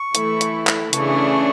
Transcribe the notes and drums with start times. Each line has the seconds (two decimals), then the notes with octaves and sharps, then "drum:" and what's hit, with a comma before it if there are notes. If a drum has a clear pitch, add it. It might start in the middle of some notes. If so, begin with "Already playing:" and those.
Already playing: C#6
0.15 E3 A3 E4, drum: hi-hat
0.41 drum: hi-hat
0.67 drum: clap
0.93 C#3 E3 A3 D4 G#4 C#6, drum: hi-hat